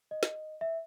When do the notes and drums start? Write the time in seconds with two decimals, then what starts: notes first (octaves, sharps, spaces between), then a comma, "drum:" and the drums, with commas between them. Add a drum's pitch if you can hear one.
0.11 D#5
0.23 drum: snare
0.61 E5